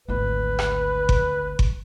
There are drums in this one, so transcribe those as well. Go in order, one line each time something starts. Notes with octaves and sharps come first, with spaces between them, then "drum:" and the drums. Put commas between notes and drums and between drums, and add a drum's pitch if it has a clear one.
G#1 D2 B4
drum: rim click
drum: kick G1
drum: kick G1